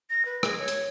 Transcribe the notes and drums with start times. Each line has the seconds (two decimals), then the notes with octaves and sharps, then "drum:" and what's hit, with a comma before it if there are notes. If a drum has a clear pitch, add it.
0.10 A#6
0.25 B4
0.43 G#4, drum: rim click
0.59 C#5
0.68 drum: hi-hat